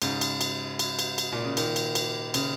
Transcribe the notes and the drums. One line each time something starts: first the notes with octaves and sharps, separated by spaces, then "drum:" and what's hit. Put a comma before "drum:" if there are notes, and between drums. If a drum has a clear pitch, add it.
G#2 C#3, drum: cymbal
drum: cymbal
drum: cymbal
drum: cymbal
drum: cymbal
drum: cymbal
A#2
C#3
A#2 D#3, drum: cymbal
drum: cymbal
drum: cymbal
C#3, drum: cymbal